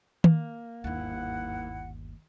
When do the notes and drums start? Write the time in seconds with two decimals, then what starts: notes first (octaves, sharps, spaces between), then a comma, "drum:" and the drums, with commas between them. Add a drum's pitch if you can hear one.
0.24 A#3, drum: tom D#3
0.84 G1 D#2 G#2 E4 F#5